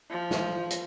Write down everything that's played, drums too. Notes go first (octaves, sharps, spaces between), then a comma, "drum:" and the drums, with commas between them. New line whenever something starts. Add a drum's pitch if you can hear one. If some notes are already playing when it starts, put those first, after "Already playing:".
F3
drum: snare
drum: hi-hat